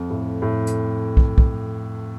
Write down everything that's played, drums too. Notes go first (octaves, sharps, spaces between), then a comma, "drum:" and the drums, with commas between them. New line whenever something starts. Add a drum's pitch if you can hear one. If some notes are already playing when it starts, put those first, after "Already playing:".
Already playing: F2
A2
A2
drum: hi-hat
drum: kick
drum: kick